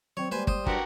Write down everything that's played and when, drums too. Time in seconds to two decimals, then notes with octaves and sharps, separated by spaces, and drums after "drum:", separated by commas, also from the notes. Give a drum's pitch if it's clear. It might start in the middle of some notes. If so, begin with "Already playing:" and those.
0.17 F#3 C4 C#5 D5 G5
0.32 G3 G#3 A#3 B4 C5 G#5
0.47 C5 D#6, drum: kick
0.66 D4 F#4 G4 A#4 B4 A5, drum: kick